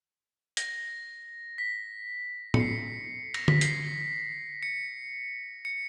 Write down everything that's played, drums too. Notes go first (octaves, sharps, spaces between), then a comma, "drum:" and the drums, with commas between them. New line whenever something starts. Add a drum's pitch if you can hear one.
A#6, drum: hi-hat
B6
C#7, drum: tom
C7
A#6, drum: cymbal
B6, drum: tom D3
C7, drum: hi-hat
C#7
C#7